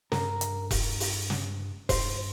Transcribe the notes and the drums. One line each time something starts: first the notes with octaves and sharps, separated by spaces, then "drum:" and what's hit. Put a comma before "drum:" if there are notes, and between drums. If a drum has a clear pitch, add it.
G2 A#4, drum: snare
drum: hi-hat
drum: kick E1, open hi-hat
drum: open hi-hat
drum: snare
G2 C5, drum: kick E1, open hi-hat